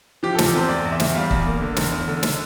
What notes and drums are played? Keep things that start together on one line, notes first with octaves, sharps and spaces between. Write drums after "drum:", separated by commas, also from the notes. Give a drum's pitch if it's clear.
F3 G4
A4
E2, drum: snare
A4
C3 C5
E2 D5
E2
E5
E2, drum: snare
G3 F5
E2, drum: kick
A#3
D3
E2, drum: snare
E2
D3
D3, drum: snare